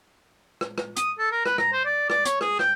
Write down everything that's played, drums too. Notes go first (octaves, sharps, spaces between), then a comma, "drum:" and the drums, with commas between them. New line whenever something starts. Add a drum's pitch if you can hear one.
drum: rim click
drum: rim click
D#6, drum: hi-hat
A4
A#4
B4, drum: rim click
A#5, drum: rim click
C5
D5
D5, drum: rim click
C#5, drum: hi-hat
G#4, drum: rim click
G5, drum: rim click